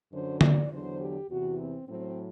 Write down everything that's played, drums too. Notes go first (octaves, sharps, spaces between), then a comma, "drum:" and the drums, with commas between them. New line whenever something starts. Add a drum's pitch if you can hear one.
F#2 D3 F#3 C5
D5, drum: tom D3
E2 D3 F#3 C5
G4
E2 C3 E3 F#4
C4
A2 F#3 C4